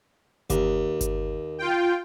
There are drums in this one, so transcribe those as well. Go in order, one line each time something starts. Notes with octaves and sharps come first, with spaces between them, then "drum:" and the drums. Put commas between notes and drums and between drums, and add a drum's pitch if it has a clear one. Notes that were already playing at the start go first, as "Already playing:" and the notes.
D#2, drum: kick G1, hi-hat
drum: kick G1, hi-hat
F4 G5